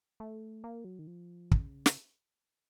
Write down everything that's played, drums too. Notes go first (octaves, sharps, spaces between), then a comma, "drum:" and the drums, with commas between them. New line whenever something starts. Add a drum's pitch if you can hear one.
A3
A#3
F#3
D#3
F3
C#3, drum: kick
drum: snare